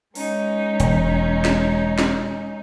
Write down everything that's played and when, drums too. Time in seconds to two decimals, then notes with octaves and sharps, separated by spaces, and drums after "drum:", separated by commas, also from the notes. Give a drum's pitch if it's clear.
0.15 G#3 C#4 D#4, drum: open hi-hat
0.80 E1, drum: hi-hat
1.45 drum: snare
1.99 drum: snare